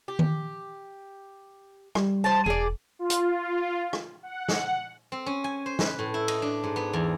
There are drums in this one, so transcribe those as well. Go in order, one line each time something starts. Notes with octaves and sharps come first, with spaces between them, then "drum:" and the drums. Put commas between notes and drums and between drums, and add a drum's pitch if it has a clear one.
G4
drum: tom D#3
G3, drum: rim click
C5 A5
E1 G#4 D5
F4
drum: hi-hat
drum: rim click
F#5
drum: snare
C4
C#4
G#5
C5
B4, drum: snare
A2
E4
D#5, drum: cymbal
D4
G#2
B3
E2